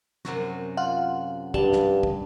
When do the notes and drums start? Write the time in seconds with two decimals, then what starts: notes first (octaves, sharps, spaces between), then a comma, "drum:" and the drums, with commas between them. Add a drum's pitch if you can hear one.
0.25 F#2 C3 F#4, drum: snare
0.77 F4 F#5
1.54 G2 G3 A5, drum: kick
1.73 drum: snare
2.03 drum: kick